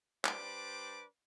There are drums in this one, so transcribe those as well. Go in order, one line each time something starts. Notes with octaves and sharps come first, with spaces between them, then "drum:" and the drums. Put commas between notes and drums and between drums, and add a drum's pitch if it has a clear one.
G3 D4 B4 C5 D5 D6, drum: clap